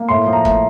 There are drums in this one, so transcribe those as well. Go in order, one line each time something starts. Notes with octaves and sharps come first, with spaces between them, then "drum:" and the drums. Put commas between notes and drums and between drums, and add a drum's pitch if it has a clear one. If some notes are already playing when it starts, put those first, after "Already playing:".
Already playing: A#3
A2 C6
F3
A#5
A3, drum: kick